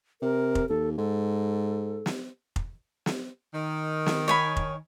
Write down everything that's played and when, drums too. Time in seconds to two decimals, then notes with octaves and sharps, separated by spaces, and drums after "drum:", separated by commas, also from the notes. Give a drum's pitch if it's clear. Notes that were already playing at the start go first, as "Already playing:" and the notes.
0.22 C3 A#4
0.55 drum: kick F1
0.69 D#2 A4
0.98 G#2 A4
2.06 drum: snare
2.56 drum: kick F1
3.06 drum: snare
3.54 D#3
4.06 drum: snare
4.28 C#5 G#5 B5
4.57 drum: kick F1